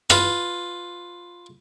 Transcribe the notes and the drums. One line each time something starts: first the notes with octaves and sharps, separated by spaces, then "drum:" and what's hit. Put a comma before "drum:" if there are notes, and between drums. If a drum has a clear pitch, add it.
F4 B4, drum: rim click